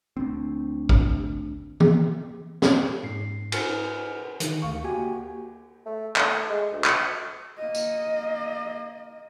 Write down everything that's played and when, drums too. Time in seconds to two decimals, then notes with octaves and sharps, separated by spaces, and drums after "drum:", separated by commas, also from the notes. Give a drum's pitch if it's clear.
0.17 D2 C4
0.89 drum: kick
1.80 drum: tom
2.62 drum: snare
3.03 G#2 C7
3.52 A#4 B4 G#5 F6, drum: cymbal
4.40 D3 D#3, drum: hi-hat
4.62 D2 F5 C#6
4.84 A#3 F#4 G4 G#5
5.86 A3
6.16 A3, drum: clap
6.49 G#3
6.72 D2
6.84 drum: clap
7.58 A#3 D#5
7.75 drum: tambourine